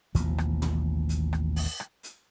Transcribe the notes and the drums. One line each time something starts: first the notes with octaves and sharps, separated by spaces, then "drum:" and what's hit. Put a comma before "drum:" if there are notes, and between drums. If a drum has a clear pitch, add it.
A1 D#2 B2 F3, drum: hi-hat
drum: rim click
drum: tom
drum: hi-hat
drum: rim click
drum: open hi-hat
drum: rim click
drum: hi-hat